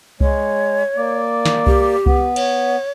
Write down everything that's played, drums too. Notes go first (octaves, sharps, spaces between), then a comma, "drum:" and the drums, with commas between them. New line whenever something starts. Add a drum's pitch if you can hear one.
G#3 C#5, drum: kick C2
A#3 D5
drum: snare
G4, drum: kick C2
B3, drum: kick C2
C#5, drum: cymbal